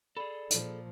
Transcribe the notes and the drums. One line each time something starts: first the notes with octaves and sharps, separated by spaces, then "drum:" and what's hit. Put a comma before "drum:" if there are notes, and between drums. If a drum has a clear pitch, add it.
G#4 A4 D5 B5
A#2 F3, drum: hi-hat